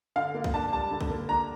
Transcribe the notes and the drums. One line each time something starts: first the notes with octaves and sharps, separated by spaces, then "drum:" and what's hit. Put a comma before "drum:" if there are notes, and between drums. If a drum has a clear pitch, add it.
D3 F5
A#3
drum: kick B1
D4 A5
G3 A5
D3
drum: kick B1
A#3
D4 A#5